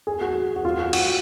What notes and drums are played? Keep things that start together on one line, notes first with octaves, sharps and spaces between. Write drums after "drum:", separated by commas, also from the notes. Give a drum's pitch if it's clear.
G#4
F#4
F#4
F4
F#4
F#4, drum: cymbal